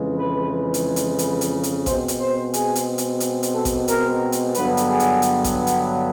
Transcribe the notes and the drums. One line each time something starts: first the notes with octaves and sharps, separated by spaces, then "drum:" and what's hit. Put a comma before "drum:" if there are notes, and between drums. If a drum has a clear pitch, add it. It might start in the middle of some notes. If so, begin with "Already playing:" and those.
Already playing: F2 C#3 E3 G#3
B4
drum: hi-hat
drum: hi-hat
B4, drum: hi-hat
drum: hi-hat
drum: hi-hat
B2 G#3 C4 C5, drum: kick A1, hi-hat
drum: hi-hat
C5
G#4, drum: hi-hat
drum: hi-hat
drum: hi-hat
drum: hi-hat
drum: hi-hat
A4
drum: kick A1, hi-hat
A#4, drum: hi-hat
drum: hi-hat
G2 D3 F#3 B3 B4, drum: hi-hat
drum: hi-hat
G#4
drum: hi-hat
drum: hi-hat
drum: kick A1, hi-hat
drum: hi-hat